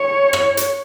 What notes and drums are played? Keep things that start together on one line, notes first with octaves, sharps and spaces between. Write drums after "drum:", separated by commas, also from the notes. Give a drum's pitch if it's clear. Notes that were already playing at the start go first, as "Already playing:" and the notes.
Already playing: C#5
drum: rim click
drum: hi-hat